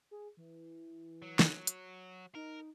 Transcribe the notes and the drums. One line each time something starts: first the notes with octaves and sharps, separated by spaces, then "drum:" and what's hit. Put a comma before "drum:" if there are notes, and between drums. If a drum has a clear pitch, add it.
G#4
E3
F#3
drum: snare
drum: hi-hat
D#4 A#4